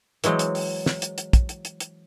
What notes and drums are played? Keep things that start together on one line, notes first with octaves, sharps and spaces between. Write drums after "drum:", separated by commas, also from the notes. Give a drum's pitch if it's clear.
E3 F#3 G#3 C4, drum: hi-hat
drum: hi-hat
drum: open hi-hat
drum: snare
drum: hi-hat
drum: hi-hat
drum: kick, hi-hat
drum: hi-hat
drum: hi-hat
drum: hi-hat